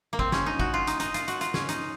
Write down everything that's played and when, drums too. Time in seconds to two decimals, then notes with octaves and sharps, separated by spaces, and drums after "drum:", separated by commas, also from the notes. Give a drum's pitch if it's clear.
0.13 A#3
0.19 C4, drum: kick
0.32 C#4, drum: snare
0.46 D#4
0.60 F#4, drum: kick
0.74 F4
0.87 D#4, drum: hi-hat
1.00 D#4, drum: hi-hat
1.14 F4, drum: hi-hat
1.28 F#4, drum: hi-hat
1.41 F4, drum: hi-hat
1.54 C#4, drum: snare
1.69 D#4, drum: hi-hat